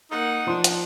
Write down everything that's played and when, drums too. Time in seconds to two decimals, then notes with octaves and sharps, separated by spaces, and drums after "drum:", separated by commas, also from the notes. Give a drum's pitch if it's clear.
0.11 A#3 D#4 F#5
0.47 F3 D4 C6
0.64 drum: hi-hat